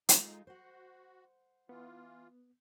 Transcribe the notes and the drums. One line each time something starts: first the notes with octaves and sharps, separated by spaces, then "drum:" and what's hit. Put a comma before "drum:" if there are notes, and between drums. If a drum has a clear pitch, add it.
G#3 D#4 F4 A4, drum: hi-hat
F#4 C5 F#5
E3 B3 F4